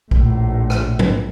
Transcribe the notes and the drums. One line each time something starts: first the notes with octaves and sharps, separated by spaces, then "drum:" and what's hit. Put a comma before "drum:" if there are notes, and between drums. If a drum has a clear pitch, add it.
A#1 A2, drum: kick B1
drum: rim click
drum: tom G#2